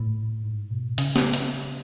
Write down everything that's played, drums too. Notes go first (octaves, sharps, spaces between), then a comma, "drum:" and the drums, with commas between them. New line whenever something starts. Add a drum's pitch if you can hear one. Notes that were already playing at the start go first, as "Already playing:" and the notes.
Already playing: A2
G#2
B2
C#3, drum: hi-hat
drum: snare
drum: hi-hat